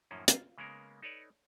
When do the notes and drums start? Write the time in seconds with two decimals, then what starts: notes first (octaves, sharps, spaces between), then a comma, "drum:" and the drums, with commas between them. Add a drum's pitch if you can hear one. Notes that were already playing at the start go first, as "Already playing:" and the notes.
0.11 F#2 A2 D#3 F3 A#3 C#4
0.28 F4, drum: hi-hat
0.58 C#3 G#3 A#3 B3 C#4 A#4
1.02 D#4 A4 B4 C#5 D5